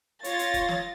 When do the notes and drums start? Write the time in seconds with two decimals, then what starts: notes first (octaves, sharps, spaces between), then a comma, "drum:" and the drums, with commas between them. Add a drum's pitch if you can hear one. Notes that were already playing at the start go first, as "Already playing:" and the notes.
0.24 F4 C#5 A6 A#6, drum: hi-hat
0.39 drum: hi-hat
0.54 drum: kick, hi-hat
0.68 drum: snare